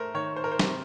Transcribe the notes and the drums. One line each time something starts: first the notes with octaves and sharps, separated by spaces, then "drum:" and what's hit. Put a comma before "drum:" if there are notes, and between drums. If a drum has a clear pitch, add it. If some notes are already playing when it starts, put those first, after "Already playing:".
Already playing: A3 A#4 C5
D#3 C#5
C5
A#4
C5
C3, drum: snare